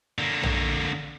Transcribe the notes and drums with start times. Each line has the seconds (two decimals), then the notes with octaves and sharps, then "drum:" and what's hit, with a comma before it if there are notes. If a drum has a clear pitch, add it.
0.19 D3 A#3
0.43 drum: tom A#1